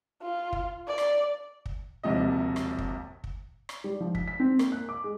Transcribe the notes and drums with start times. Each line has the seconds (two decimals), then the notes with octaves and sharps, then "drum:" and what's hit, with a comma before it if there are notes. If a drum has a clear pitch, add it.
0.22 F4
0.53 drum: kick
0.88 D5
0.98 drum: rim click
1.66 drum: kick
2.03 E1 A#1 D#2 C3 D#5
2.56 drum: rim click
2.79 drum: kick
3.24 drum: kick
3.69 drum: rim click
3.84 G3
4.00 F3
4.15 B6, drum: kick
4.28 B6
4.40 C4
4.59 A#3, drum: rim click
4.72 F#6
4.89 D6
5.04 G#3